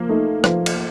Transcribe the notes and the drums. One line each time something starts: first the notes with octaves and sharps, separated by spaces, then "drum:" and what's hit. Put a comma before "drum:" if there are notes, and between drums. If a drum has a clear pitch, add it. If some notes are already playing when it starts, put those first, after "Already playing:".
Already playing: F3 A#3
A3 D#4
F3, drum: rim click
drum: cymbal